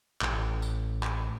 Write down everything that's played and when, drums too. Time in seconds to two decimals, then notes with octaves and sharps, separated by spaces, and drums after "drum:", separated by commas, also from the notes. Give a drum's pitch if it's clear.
0.21 A1, drum: clap
0.62 drum: tambourine
1.03 drum: clap